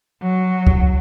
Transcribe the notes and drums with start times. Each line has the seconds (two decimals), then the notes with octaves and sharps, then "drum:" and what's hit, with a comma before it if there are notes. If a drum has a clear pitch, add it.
0.21 F#3
0.67 drum: kick